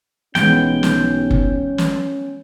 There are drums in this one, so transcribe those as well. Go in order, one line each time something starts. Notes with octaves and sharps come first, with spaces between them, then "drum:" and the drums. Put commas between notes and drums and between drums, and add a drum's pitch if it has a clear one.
B1 E3 G#3 B3 C#4 G5, drum: snare
drum: snare
drum: kick F#1
drum: snare